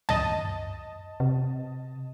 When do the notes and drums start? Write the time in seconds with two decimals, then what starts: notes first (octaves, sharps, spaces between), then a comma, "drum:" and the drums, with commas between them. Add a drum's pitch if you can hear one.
0.09 D#5 A5, drum: tom
1.20 C3